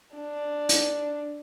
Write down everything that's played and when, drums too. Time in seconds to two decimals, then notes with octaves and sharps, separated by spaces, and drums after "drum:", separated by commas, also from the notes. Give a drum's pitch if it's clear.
0.16 D4
0.69 drum: hi-hat